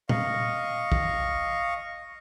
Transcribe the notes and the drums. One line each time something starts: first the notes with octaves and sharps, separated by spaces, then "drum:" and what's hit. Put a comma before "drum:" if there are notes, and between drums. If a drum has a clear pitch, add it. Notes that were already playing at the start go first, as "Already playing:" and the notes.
D#5 F5 C#6, drum: tom A#2
drum: kick